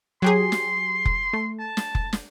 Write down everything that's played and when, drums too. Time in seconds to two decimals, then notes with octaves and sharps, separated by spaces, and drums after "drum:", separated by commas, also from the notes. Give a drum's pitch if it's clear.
0.22 F#3 G4 G#4 C6
0.52 drum: snare
1.05 drum: kick F1
1.33 A3
1.59 A5
1.77 drum: snare
1.95 drum: kick F1
2.13 drum: snare